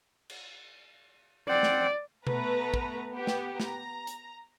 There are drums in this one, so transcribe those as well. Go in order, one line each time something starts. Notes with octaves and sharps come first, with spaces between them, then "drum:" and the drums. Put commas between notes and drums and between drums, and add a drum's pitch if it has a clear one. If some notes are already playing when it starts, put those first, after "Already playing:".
drum: cymbal
C4 C5 D5 F#5
drum: snare
A3 B3 B4 A#5, drum: tom B2
drum: kick
B3 G4
drum: snare
A#5, drum: snare
drum: hi-hat